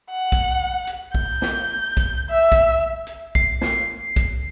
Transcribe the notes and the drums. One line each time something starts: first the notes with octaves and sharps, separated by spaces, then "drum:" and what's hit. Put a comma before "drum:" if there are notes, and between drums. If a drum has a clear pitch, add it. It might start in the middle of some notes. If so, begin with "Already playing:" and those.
F#5
drum: kick, hi-hat
drum: hi-hat
G6, drum: kick
drum: snare
drum: kick, hi-hat
E5
drum: kick, hi-hat
drum: hi-hat
C7, drum: kick
drum: snare
drum: kick, hi-hat